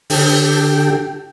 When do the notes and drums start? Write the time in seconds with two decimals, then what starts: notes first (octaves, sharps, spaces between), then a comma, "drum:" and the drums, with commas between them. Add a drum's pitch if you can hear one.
0.10 D3 G4 A4 G5, drum: open hi-hat